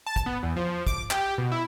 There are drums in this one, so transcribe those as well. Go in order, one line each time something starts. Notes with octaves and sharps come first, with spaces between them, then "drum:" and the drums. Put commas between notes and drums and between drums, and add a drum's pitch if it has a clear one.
A5
drum: kick, hi-hat
B3
E2
F3
D6, drum: kick, hi-hat
G4, drum: clap
B2
E4